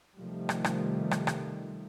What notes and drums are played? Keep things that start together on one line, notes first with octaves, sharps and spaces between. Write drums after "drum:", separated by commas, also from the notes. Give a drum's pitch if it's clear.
C3 D#3 F3 G3 A3
drum: rim click
drum: rim click
drum: rim click
drum: rim click